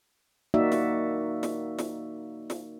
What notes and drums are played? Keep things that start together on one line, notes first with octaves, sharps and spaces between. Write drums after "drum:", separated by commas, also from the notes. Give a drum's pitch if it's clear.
A#3 D#4 F#4 D5 E5
drum: snare
drum: snare
drum: snare
drum: snare